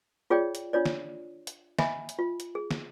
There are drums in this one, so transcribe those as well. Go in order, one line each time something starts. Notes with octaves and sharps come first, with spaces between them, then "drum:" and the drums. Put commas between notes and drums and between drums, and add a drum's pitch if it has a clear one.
F4 G#4 C#5 D5 G5
drum: hi-hat
D4 F4 C#5 D5
drum: snare
drum: hi-hat
D#5 E5 G#5 B5, drum: snare
drum: hi-hat
F4
drum: hi-hat
G#4
drum: snare